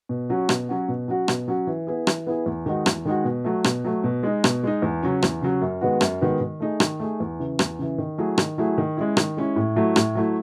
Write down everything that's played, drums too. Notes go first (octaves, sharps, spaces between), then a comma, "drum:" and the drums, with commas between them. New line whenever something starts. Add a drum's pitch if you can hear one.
B2
F#3 C#4 F#4
B2, drum: rim click
F#3 C#4 F#4
B2
F#3 C#4 F#4
B2, drum: rim click
F#3 C#4 F#4
E3
B3 E4 G#4
E3, drum: rim click
B3 E4 G#4
E2
D#3 G#3 D#4 F#4
E2, drum: rim click
D#3 G#3 D#4 F#4
B2
F#3 A3
B2, drum: rim click
F#3 A3
B2
G#3 D#4
B2, drum: rim click
G#3 D#4
E2
C#3 F#3 C#4
E2, drum: rim click
C#3 F#3 C#4
F#2
D#3 G#3 B3 F#4
F#2, drum: rim click
D#3 G#3 B3 F#4
D#3
A3 D#4 G#4
D#3, drum: rim click
A3 D#4 G#4
E2
C#3 E3
E2, drum: rim click
C#3 E3
D#3
F#3 A3 E4 G#4
D#3, drum: rim click
F#3 A3 E4 G#4
D#3
G#3 C#4 E4
D#3, drum: rim click
G#3 C#4 E4
A2
F#3 A3 E4
A2, drum: rim click
F#3 A3 E4